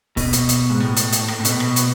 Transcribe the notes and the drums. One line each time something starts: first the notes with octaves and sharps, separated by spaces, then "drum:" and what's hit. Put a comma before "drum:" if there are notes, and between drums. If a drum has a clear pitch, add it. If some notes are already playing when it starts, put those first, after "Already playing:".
B2, drum: kick, open hi-hat
drum: hi-hat
drum: hi-hat
G#2
A2
drum: hi-hat
drum: hi-hat
drum: rim click
A2
B2, drum: hi-hat
drum: rim click
drum: hi-hat